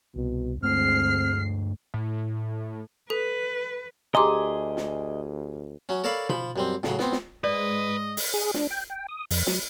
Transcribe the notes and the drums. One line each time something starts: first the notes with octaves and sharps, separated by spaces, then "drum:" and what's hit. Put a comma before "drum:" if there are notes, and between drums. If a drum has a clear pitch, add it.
C2 B2
D2 G2 G#3 A3 C4 F6 C7
A2
A4 B4
D2 G4 G#4 D#5 G#5 A#5 C6 D6
drum: snare
F#3 C#4
A4 A#4 C#5 D5 F5 B5
F3 B5, drum: tom B2
F#2 G3 C4
A2 C#3 F#3, drum: snare
B3 C4, drum: snare
drum: snare
G#2 G#3 B4 D5 D#5
drum: open hi-hat
G#4
D4, drum: snare
G5
G5
D#6
F2, drum: open hi-hat
F#3, drum: snare